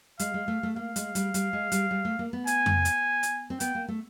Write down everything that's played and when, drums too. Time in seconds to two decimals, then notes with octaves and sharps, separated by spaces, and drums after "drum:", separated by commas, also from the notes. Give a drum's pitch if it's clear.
0.19 G#3 F5, drum: hi-hat
0.34 G#3
0.48 A3
0.63 A3
0.76 A#3 F5
0.96 G#3, drum: hi-hat
1.15 G3, drum: hi-hat
1.34 G3, drum: hi-hat
1.53 G#3
1.72 G3, drum: hi-hat
1.91 G3
2.05 A3
2.19 A#3
2.33 B3
2.47 G#5, drum: hi-hat
2.66 drum: tom F2
2.85 drum: hi-hat
3.23 drum: hi-hat
3.50 C4
3.60 B3 G5, drum: hi-hat
3.75 A#3
3.88 A3